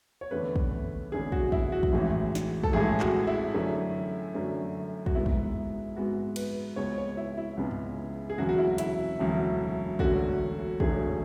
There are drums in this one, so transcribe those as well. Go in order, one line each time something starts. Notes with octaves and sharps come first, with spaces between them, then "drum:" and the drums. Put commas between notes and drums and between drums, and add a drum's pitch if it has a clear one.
C#5
E2 D3 A3 C#4 B4
drum: kick
E2 D3 A3 C#4 G#4
F#4, drum: kick
E4, drum: kick
F#4
drum: kick
A1 A2 E3 G#3
drum: snare
A4, drum: kick
A1 A2 E3 G#3 G#4
F#4, drum: clap
E4
F#2 D3 A3 C#4
F#2 D3 A3 C#4
F#4, drum: kick
G#2 G#3 B3 E4
drum: kick
G#2 G#3 B3 F#4
B4, drum: cymbal
C#2 C#3 G#3 B3 C#5
C#5
E4
E4
C#2 C#3 G#3 B3
drum: tom G2
G#4
E1 D2 C#3 F#3 F#4
F#4
E4
E4, drum: hi-hat
E1 D2 C#3 F#3
E1 D2 D3 A3 C#4 F#4, drum: kick
E1 D2 D3 A3 C#4 G#4, drum: kick